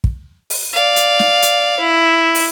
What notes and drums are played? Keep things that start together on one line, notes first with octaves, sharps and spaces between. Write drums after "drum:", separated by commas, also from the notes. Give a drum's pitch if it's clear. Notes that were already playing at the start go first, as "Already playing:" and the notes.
drum: kick
drum: open hi-hat
D5 F5
drum: hi-hat
drum: snare
drum: hi-hat
E4
drum: open hi-hat